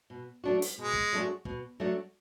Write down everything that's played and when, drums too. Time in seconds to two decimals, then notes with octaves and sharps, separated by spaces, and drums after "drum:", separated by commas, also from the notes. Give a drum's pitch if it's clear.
0.10 B2
0.44 F#3 A3 D4 F#4
0.62 drum: hi-hat
0.78 B2 G#3
0.94 drum: kick
1.12 F#3 A3 D4 F#4
1.45 B2, drum: kick
1.80 F#3 A3 D4 F#4